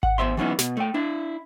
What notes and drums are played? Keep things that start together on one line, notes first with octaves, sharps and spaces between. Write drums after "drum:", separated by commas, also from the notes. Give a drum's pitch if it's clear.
F#5, drum: kick G#1
E2 G2 C5 E5 C6
E3 F#3 B3 C#4 D#4 E4
B2, drum: snare
A3 G5
D4 E4